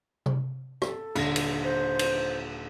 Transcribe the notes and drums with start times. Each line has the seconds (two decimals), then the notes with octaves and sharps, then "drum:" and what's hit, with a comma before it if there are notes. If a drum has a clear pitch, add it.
0.26 drum: tom C3
0.82 A4, drum: rim click
1.16 D#1 D3 A#6, drum: cymbal
1.36 drum: cymbal
1.64 C5
1.99 drum: cymbal